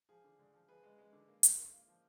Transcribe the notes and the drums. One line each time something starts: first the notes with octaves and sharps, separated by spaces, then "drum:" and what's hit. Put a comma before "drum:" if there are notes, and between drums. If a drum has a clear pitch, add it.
F3 G#4
D3
D2
F3
F3 G#4 B4
G#3
G#3
D3
A#3
A#3, drum: hi-hat
A#3
F4
F3